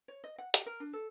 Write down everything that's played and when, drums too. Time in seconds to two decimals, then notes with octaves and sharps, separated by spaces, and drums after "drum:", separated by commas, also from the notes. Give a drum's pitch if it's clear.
0.08 C#5
0.24 D#5
0.38 F#5
0.54 G4, drum: hi-hat
0.66 A#4
0.80 D4
0.93 A4